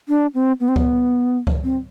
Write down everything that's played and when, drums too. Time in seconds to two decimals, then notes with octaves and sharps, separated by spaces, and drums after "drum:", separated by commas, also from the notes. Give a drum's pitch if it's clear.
0.09 D4
0.34 C4
0.60 B3
0.68 C4
0.76 B3, drum: kick C#2
1.47 drum: kick C#2
1.64 C4